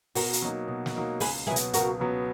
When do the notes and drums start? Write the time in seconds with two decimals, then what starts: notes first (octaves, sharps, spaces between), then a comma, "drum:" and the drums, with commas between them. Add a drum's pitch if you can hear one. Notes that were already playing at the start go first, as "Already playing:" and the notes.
0.15 B2 F#4 A#4, drum: open hi-hat
0.33 drum: hi-hat
0.42 F#3 A#3 D#4
0.68 B2
0.86 drum: snare
0.95 F#3 A#3 D#4
1.20 C#2 G#4 B4, drum: open hi-hat
1.47 B2 F#3 B3 E4 G#4
1.56 drum: hi-hat
1.73 C#2 F#4 A#4, drum: hi-hat
2.00 B2 F#3 B3